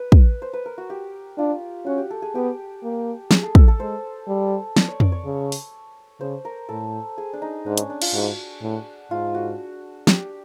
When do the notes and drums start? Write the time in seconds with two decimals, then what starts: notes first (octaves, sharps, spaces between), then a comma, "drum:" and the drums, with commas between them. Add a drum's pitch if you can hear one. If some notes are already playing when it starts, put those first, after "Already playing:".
Already playing: B4
0.12 drum: kick
0.42 C5
0.53 B4
0.66 A#4
0.78 F#4
0.90 G4
1.38 D4 F4
1.86 C#4 F#4
1.98 G4
2.11 A4
2.22 G#4
2.35 B3 G4
2.83 A#3
3.31 G#4, drum: snare
3.43 A4
3.55 A4, drum: kick
3.68 A4
3.80 G#3 C5
4.27 G3
4.77 D5, drum: snare
4.88 C#5
5.00 D5, drum: tom F2
5.12 C#5
5.25 C#3
5.52 drum: open hi-hat
6.20 C#3 C5
6.45 A#4
6.69 A2 A4
7.18 G#4
7.33 D4
7.42 D#4
7.66 G#2 D4
7.78 C#4, drum: hi-hat
7.90 D4
8.02 F4, drum: cymbal
8.14 G#2 F#4
8.62 A2
9.10 G#2 F4
9.35 F#4
10.07 G4, drum: snare